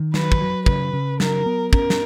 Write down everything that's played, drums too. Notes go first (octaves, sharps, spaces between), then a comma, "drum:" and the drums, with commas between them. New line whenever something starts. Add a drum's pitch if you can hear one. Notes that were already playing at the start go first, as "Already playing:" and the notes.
Already playing: D#3
F#3 B4, drum: snare
drum: kick
F#3
C#3 B4, drum: kick
C#3
F#3 A#4, drum: snare
B3
C#4 A#4, drum: kick
drum: snare